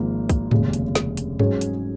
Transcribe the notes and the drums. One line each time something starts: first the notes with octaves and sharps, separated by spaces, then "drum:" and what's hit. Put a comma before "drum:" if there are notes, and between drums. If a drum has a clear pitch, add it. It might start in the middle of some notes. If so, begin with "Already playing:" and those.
Already playing: G#1 G#2 F3 A#3
drum: kick, hi-hat
F1 D#2 C#3 G#3, drum: tom G#2
drum: hi-hat
drum: snare
drum: hi-hat
G#2 F#3 C#4 G#4 C#5, drum: tom G2
drum: hi-hat